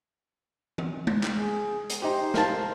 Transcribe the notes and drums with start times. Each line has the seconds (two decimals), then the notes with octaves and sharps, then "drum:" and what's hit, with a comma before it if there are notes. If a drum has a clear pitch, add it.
0.78 drum: tom E3
1.07 drum: tom G#3
1.23 drum: clap
1.36 G#4
1.90 drum: hi-hat
2.02 D#4 G4 C5
2.34 A#4 F5 A5, drum: snare